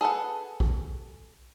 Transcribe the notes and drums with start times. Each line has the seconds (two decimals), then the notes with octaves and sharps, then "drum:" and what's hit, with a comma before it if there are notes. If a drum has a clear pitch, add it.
0.01 G#4 A4 B4 F#5
0.60 drum: kick A#1